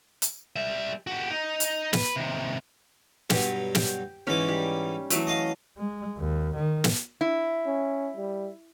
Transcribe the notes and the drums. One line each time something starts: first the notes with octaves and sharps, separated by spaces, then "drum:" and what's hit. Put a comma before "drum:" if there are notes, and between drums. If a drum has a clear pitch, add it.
drum: hi-hat
G3 E5
F#4 G4
D#4
drum: hi-hat
B4, drum: snare
C3 D#3
G2 B2 F#3 G4, drum: snare
G5, drum: snare
G#2 E3 C#4 D#4 D6
G3
E3 F#3 A3, drum: hi-hat
D#5 F5
G#3
D#2
D#3
drum: snare
E4
C#4
G3